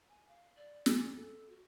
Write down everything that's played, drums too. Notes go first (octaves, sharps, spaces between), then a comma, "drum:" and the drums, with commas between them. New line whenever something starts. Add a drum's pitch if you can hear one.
G#5
F5
D5
G#5, drum: snare
A4
F#4